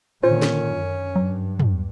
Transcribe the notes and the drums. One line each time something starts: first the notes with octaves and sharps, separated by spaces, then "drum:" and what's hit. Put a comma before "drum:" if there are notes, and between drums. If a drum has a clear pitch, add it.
A#2 D3 D#3 C#4 F4 C5
drum: snare
F#2
G2 F#3
drum: tom